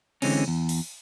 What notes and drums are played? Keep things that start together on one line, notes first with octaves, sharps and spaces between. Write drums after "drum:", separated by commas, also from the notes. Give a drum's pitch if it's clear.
D3 E3 G#3 C4 C#4, drum: cymbal
E2
drum: open hi-hat